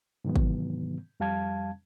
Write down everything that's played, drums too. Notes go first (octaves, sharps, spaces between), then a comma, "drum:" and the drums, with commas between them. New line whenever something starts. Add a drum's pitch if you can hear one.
G#2 C3 D#3 E3 F#3 B3
drum: kick
F2 G3 F5 A5 G#6